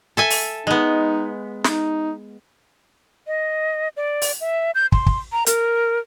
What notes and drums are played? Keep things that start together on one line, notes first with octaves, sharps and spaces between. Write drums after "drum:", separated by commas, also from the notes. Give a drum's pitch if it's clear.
A4 E5 G#5
drum: open hi-hat
G#3 B3 D#4
D#4, drum: snare
D#5
D5
drum: open hi-hat
E5
G6
C6, drum: kick
drum: kick
A#5
A#4, drum: hi-hat